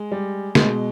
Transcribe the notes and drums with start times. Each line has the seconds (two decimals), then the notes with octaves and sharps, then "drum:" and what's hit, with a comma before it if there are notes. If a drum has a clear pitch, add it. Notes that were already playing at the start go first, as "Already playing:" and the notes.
Already playing: G#3
0.11 G3
0.55 B2 G#3, drum: snare